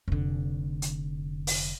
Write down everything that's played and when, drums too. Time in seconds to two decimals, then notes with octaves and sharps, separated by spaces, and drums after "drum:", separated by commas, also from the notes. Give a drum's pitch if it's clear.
0.08 F1 D3
0.82 drum: hi-hat
1.47 drum: open hi-hat